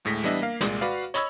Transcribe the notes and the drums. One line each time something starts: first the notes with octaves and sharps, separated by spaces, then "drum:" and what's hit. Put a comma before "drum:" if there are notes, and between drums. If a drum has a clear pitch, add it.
D2 A2 G#3 A#6 B6
E3 G3 B3 D4 D#5 E5
A#3 F5
C2 A#2 G#3 D5, drum: snare
F#4 B4 D5 F5
C#5 D#5 B5 C#6 E6 G#6, drum: hi-hat